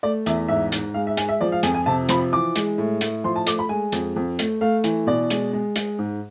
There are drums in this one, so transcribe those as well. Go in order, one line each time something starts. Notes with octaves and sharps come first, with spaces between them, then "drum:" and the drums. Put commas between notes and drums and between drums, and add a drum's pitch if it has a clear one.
A3 D5
E2 E5, drum: hi-hat
G#2 E5
G#2, drum: hi-hat
G#3 F5
E5
G#3 G#5, drum: hi-hat
E5
F3 D5
F5
F2 G#5, drum: hi-hat
G#5
C3 A5
F3 B5, drum: hi-hat
E3 D6
G#3, drum: hi-hat
A2
A2, drum: hi-hat
F3 C6
A5
A3 D6, drum: hi-hat
B5
G#3 G#5
F2, drum: hi-hat
F2
A3, drum: hi-hat
A3 F5
E3, drum: hi-hat
B2 D5
G#3, drum: hi-hat
G#3
G#3, drum: hi-hat
G#2